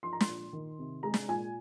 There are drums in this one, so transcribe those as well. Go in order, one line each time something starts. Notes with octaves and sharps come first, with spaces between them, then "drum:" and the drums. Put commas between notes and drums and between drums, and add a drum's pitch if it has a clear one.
F3 C6
A#5
C6, drum: snare
A#2
D#3
C3
G#3 A#5
drum: snare
A#2 G#5